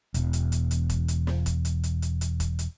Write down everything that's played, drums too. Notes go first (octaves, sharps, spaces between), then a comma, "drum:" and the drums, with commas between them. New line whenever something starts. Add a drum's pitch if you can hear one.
E1 E2, drum: hi-hat
drum: hi-hat
drum: hi-hat
drum: hi-hat
drum: kick E1, hi-hat
drum: hi-hat
drum: snare
drum: kick E1, hi-hat
drum: hi-hat
drum: hi-hat
drum: hi-hat
drum: hi-hat
drum: kick E1, hi-hat
drum: hi-hat